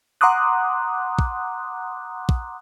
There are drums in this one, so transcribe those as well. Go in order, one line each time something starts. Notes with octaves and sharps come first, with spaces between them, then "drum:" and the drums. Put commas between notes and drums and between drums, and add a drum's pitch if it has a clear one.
F#5 A#5 C6 D6 D#6 F#6
drum: kick
drum: kick